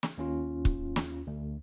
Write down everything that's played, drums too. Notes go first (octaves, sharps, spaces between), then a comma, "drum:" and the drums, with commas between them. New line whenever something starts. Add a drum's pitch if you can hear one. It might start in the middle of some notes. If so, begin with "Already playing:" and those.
drum: snare
D#2 C#4 F4
drum: kick
drum: snare
D2